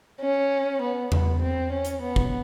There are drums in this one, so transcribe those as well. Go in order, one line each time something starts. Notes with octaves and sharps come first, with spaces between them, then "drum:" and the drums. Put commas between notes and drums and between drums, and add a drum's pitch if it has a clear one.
C#4
B3
B3, drum: tom E2
C4
C#4
drum: hi-hat
B3
drum: kick